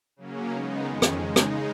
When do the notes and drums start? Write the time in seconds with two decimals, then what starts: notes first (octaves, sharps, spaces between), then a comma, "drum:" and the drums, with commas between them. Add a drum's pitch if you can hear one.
0.16 C#3 F#3 A#3 C#4
0.51 C#3 G#3 B3 D#4
0.85 F2 D#3 G#3 C#4
1.02 drum: rim click
1.18 C#3 G#3 D#4
1.36 drum: rim click